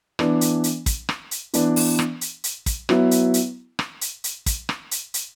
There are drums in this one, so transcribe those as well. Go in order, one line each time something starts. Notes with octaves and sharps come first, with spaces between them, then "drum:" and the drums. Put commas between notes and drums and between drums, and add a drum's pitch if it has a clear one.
E3 B3 D4, drum: rim click
drum: hi-hat
drum: hi-hat
drum: kick, hi-hat
drum: rim click
drum: hi-hat
E3 B3 D4, drum: hi-hat
drum: open hi-hat
drum: rim click
drum: hi-hat
drum: hi-hat
drum: kick, hi-hat
F#3 B3 E4, drum: rim click
drum: hi-hat
drum: hi-hat
drum: rim click
drum: hi-hat
drum: hi-hat
drum: kick, hi-hat
drum: rim click
drum: hi-hat
drum: hi-hat